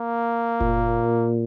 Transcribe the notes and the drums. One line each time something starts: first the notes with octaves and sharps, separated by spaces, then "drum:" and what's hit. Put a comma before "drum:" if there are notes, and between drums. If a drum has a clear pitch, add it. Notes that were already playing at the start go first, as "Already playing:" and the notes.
Already playing: A#3
A#2, drum: kick F#1